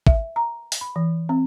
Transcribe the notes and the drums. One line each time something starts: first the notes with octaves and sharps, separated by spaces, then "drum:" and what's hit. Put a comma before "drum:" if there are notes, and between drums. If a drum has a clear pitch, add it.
E5, drum: kick G#1
A#5
drum: open hi-hat
B5
E3
C4